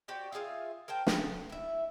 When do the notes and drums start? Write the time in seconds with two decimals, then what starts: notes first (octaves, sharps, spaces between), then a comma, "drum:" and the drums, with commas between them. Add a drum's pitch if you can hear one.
0.08 F#4 G4 C5 D5
0.32 F4 G#4 E5 F5
0.88 A#4 C5 G5 A5
1.07 C#3 B3 F4, drum: snare
1.50 E4 E5